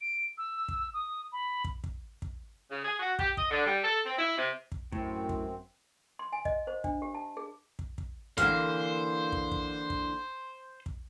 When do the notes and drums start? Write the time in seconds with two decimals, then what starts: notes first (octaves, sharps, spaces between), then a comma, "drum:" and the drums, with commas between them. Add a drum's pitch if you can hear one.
0.01 D7
0.38 E6
0.68 drum: kick
0.94 D#6
1.32 B5
1.64 drum: kick
1.84 drum: kick
2.22 drum: kick
2.70 C#3
2.84 G#4
3.00 F#4
3.19 G4, drum: kick
3.37 D#5, drum: kick
3.50 D3
3.66 G3
3.83 A4
4.06 C4
4.18 E4
4.38 C3
4.72 drum: kick
4.92 F#2 A2 C4, drum: kick
5.29 drum: kick
6.19 C6
6.33 G#5
6.45 D#5, drum: kick
6.67 C5
6.84 D4, drum: kick
7.02 G4
7.15 A5
7.37 G#4
7.79 drum: kick
7.98 drum: kick
8.38 D3 E3 A#3 C5 F5, drum: kick
9.32 drum: kick
9.52 drum: kick
9.90 drum: kick
10.86 drum: kick